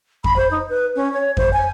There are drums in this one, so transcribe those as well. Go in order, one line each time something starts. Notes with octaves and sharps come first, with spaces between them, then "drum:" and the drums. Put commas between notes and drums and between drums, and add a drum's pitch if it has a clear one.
B5, drum: kick F2
C5
D#4
B4
C#4
C#5
C5, drum: kick F2
G#5